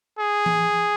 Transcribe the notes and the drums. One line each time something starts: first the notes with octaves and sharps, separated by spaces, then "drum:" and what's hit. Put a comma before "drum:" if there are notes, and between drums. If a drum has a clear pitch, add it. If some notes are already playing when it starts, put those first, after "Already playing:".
G#4
drum: tom E3